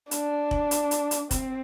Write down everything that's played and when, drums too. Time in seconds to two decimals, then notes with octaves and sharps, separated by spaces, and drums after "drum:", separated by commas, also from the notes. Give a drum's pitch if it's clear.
0.11 D4, drum: hi-hat
0.51 drum: kick
0.71 drum: hi-hat
0.91 drum: hi-hat
1.11 drum: hi-hat
1.31 C4, drum: kick, hi-hat